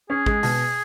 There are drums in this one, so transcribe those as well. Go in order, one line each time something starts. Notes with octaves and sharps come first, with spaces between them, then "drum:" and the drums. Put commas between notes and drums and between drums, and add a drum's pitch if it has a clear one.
C#4 G#4
G#3, drum: kick
B2, drum: open hi-hat